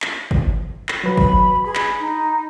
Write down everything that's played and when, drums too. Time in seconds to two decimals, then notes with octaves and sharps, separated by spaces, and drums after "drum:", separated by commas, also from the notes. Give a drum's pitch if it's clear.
0.02 drum: clap
0.31 drum: kick G1
0.89 drum: clap
1.04 F#3 B4
1.18 B5, drum: kick G1
1.65 G#4 B5
1.75 drum: clap
2.00 D#4